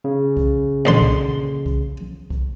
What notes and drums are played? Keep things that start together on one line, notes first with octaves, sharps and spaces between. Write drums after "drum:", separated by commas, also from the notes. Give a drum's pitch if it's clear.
C#3
drum: kick C2
A#1 D3 C6
drum: kick C2
drum: kick C2
drum: kick C2